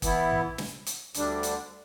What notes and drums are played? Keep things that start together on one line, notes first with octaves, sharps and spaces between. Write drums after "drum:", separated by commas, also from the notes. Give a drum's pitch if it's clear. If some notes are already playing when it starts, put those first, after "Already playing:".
E3 B3 E4, drum: kick, hi-hat
drum: tom A#1
drum: snare
drum: hi-hat
D2 D3 G3 D4, drum: hi-hat
drum: hi-hat